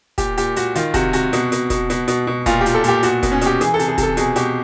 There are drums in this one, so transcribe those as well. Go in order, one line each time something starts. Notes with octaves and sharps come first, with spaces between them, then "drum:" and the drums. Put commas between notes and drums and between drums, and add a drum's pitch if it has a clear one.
A#2 G4, drum: kick, hi-hat
A#2 G4, drum: hi-hat
A#2 F#4, drum: hi-hat
D#3 F4, drum: hi-hat
C3 F#4, drum: kick, hi-hat
C3 F#4, drum: hi-hat
B2, drum: hi-hat
B2, drum: hi-hat
B2, drum: kick, hi-hat
B2, drum: hi-hat
B2, drum: hi-hat
B2
A#2 F4, drum: kick, hi-hat
G4
A#2, drum: hi-hat
A4
A#2 G4, drum: hi-hat
B2 F#4, drum: hi-hat
B2, drum: kick, hi-hat
C#4
B2 G4, drum: hi-hat
E3 G#4, drum: hi-hat
A4
C3, drum: hi-hat
G#4
C3, drum: kick, hi-hat
A4
B2 G#4, drum: hi-hat
B2 G4, drum: hi-hat